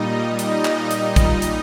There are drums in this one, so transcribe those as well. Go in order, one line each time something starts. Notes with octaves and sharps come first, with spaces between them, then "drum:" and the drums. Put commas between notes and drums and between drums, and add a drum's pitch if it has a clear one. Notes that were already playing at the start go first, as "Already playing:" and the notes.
Already playing: A#2 G3 D#4 D#5
D#4 D#5, drum: hi-hat
drum: clap
drum: hi-hat
drum: kick, hi-hat
drum: hi-hat